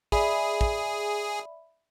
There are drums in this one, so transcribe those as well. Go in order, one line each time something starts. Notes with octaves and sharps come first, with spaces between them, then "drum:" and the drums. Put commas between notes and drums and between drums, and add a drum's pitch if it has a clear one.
G#4 D5 E5 B5, drum: kick
drum: kick